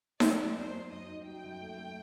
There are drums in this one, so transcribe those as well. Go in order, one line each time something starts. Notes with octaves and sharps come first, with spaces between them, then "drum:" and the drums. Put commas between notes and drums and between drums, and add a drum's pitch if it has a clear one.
F#3 D5, drum: snare D#4
D#4
F#2 C5
F#3
F#2 D#5
D#4
F#3 G5
F#2
A3
A3